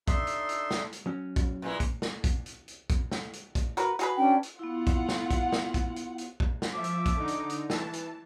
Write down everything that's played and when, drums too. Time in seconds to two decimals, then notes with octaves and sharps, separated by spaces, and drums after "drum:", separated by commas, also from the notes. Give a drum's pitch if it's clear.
0.08 D4 D#4 A4 E5 C6, drum: kick, hi-hat
0.27 drum: hi-hat
0.49 drum: hi-hat
0.71 drum: snare
0.92 drum: hi-hat
1.06 F#3 C#4
1.36 drum: kick, hi-hat
1.62 A#2 E3 G#3
1.80 drum: kick, hi-hat
2.02 drum: snare
2.24 drum: kick, hi-hat
2.46 drum: hi-hat
2.68 drum: hi-hat
2.90 drum: kick, hi-hat
3.11 drum: snare
3.33 drum: hi-hat
3.55 drum: kick, hi-hat
3.77 F#4 A#4 B4, drum: hi-hat
3.99 F#4 G#4 B4, drum: hi-hat
4.17 C#4 D4 G5
4.43 drum: hi-hat
4.59 B3 E4 F4 F#5
4.87 drum: kick, hi-hat
5.09 drum: snare
5.31 drum: kick, hi-hat
5.52 drum: snare
5.74 drum: kick, hi-hat
5.96 drum: hi-hat
6.18 drum: hi-hat
6.40 drum: kick
6.62 drum: snare
6.74 F3 E5 D6
6.84 drum: hi-hat
7.06 drum: kick, hi-hat
7.17 D3 D#4
7.28 drum: hi-hat
7.50 drum: hi-hat
7.70 E3 A5, drum: snare
7.93 drum: hi-hat